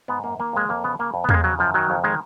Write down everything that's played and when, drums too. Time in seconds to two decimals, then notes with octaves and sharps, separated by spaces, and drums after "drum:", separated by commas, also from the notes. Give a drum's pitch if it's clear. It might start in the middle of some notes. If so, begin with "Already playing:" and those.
0.08 G#2 B3
0.24 F#2 A#3
0.39 D#3 A#3
0.53 F2 G#3
0.69 F2 A#3
0.84 C#3 B3
0.99 C#3 A#3
1.14 F2
1.24 B3
1.29 F2 A#3, drum: tom E2
1.34 G#3
1.44 C#3 F#3
1.59 F#2 F3
1.74 D#3 F#3
1.90 F2
2.04 D#3 G#3